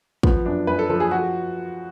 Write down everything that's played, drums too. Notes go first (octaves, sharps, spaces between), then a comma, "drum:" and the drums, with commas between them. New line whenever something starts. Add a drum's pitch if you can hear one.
F3 B3, drum: kick
F#2 D4
F#2 B4
A4
F3 A4
G#4
F3 F#4